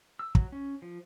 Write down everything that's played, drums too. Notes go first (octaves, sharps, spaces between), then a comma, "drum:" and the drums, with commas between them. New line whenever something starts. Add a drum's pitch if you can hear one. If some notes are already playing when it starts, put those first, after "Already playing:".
E6
F#3, drum: kick
C#4
F3